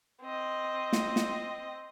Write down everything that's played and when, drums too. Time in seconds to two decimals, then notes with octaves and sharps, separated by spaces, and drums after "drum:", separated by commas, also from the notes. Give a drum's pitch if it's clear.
0.22 C4 D#5
0.93 drum: snare
1.16 drum: snare